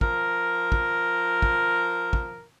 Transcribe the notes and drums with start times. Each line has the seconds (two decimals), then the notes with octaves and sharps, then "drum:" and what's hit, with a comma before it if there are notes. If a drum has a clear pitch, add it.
0.01 F3 A#4, drum: kick
0.72 drum: kick
1.42 drum: kick
2.13 drum: kick